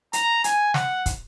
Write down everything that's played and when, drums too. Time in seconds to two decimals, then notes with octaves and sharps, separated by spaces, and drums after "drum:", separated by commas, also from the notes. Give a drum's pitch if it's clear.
0.13 A#5, drum: hi-hat
0.44 G#5, drum: hi-hat
0.74 F#5, drum: snare
1.06 drum: kick, hi-hat